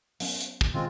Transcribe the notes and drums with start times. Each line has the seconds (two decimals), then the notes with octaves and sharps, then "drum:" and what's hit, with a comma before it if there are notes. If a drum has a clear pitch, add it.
0.20 F#3 B3 C#4, drum: open hi-hat
0.41 drum: hi-hat
0.61 drum: kick
0.74 B2 D#3 G#3 C4 C#4 F4